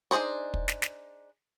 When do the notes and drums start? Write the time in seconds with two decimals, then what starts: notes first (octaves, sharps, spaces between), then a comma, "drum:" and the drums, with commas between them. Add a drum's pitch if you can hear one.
0.11 D4 D#4 G#4 C5 C#5
0.54 drum: kick
0.68 drum: snare
0.82 drum: snare